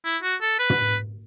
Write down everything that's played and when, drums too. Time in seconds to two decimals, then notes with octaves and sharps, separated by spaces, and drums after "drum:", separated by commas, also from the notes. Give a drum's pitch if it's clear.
0.05 E4
0.23 F#4
0.41 A4
0.59 B4
0.70 drum: tom